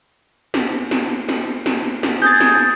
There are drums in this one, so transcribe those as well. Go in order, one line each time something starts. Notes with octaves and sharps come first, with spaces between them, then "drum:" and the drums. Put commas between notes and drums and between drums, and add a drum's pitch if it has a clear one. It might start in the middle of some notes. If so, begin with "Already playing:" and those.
drum: snare
drum: snare
drum: snare
drum: snare
drum: snare
G#4 G6 A6
drum: snare